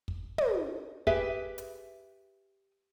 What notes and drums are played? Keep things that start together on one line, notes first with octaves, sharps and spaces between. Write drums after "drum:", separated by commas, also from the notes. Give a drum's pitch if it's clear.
drum: kick
drum: tom
G4 G#4 B4 E5, drum: kick
drum: hi-hat